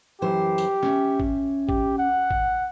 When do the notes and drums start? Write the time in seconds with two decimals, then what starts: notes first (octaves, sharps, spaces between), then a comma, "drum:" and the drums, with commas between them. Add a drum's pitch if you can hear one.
0.22 F#2 E3 G4 C5
0.58 drum: tambourine
0.83 C#4 E5, drum: snare
1.20 drum: kick
1.69 G4, drum: kick
1.99 F#5
2.31 drum: kick